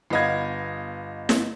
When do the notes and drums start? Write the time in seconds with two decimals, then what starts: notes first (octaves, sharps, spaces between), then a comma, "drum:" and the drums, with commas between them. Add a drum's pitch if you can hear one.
0.10 G1 B3 D#5 F5 G#6
1.29 drum: snare